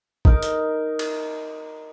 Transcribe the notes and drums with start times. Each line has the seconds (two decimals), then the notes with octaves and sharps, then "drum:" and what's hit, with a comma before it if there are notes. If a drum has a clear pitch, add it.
0.25 D#4 A#4, drum: kick A#1
0.43 drum: hi-hat
0.99 drum: cymbal